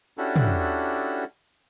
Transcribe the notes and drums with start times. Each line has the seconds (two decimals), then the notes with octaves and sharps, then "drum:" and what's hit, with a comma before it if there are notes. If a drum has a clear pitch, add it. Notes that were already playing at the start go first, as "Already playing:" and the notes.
0.18 C#4 D4 E4 F#4 G4 A4
0.36 drum: tom